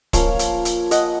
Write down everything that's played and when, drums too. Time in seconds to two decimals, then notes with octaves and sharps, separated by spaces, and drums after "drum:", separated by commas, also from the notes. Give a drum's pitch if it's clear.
0.13 F3 A#3 C#4 C#5 F5, drum: kick, hi-hat
0.39 drum: hi-hat
0.65 drum: hi-hat
0.91 D#5 F#5, drum: hi-hat